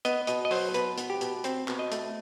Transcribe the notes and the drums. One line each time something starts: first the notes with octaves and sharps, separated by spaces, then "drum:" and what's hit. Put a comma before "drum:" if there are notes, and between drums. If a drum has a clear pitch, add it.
B3 D#5, drum: hi-hat
B2 D#5, drum: hi-hat
D#5
F#3 C5, drum: open hi-hat
B2 B4, drum: hi-hat
B3, drum: hi-hat
G4
B2, drum: hi-hat
C4 C5, drum: hi-hat
B2, drum: clap
D#5
A3, drum: hi-hat